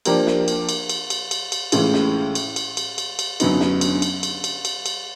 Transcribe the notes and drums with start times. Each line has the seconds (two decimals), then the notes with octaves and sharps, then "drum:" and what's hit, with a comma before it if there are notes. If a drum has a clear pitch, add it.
0.05 F3 A#3 D4 G4 A#4, drum: cymbal
0.27 drum: snare
0.48 drum: cymbal
0.69 drum: cymbal
0.89 drum: cymbal
1.10 drum: cymbal
1.31 drum: cymbal
1.52 drum: cymbal
1.72 A2 E3 G#3 C#4 F4, drum: cymbal
1.94 drum: snare
2.35 drum: cymbal
2.56 drum: cymbal
2.77 drum: cymbal
2.98 drum: cymbal
3.19 drum: cymbal
3.40 F#2 D3 F#3 B3 D#4, drum: cymbal
3.60 drum: snare
3.81 drum: cymbal
4.02 drum: cymbal
4.23 drum: cymbal
4.44 drum: cymbal
4.65 drum: cymbal
4.86 drum: cymbal